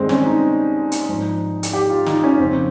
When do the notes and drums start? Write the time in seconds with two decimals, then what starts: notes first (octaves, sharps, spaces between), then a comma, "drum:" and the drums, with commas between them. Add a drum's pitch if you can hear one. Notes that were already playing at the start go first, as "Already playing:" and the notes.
Already playing: G2 D#3 G#3 C4
0.09 C#4, drum: snare
0.26 D#4
0.92 drum: hi-hat
1.09 G#2 F3
1.63 drum: hi-hat
1.73 G4
1.90 F4
2.06 D#4, drum: snare
2.23 C#4
2.39 F2 C#3 F3 C4